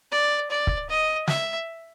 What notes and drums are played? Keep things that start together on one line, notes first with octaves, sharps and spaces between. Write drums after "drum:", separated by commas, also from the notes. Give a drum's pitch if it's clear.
D5
D5
drum: kick
D#5
E5, drum: snare